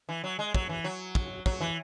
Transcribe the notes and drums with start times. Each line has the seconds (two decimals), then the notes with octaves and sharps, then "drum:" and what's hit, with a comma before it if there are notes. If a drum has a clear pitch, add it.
0.09 E3
0.24 F#3
0.39 G#3
0.55 F#3, drum: kick
0.69 E3
0.84 F#3
1.15 drum: kick
1.46 F#3, drum: kick
1.61 E3